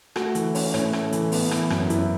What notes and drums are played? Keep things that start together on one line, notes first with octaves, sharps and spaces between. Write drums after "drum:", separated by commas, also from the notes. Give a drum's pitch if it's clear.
A3 F#4, drum: rim click
E3, drum: hi-hat
C#4, drum: open hi-hat
A2 C#4, drum: rim click
A3, drum: rim click
E3, drum: hi-hat
B3, drum: open hi-hat
E3, drum: rim click
F#2, drum: rim click
F#2 E4, drum: hi-hat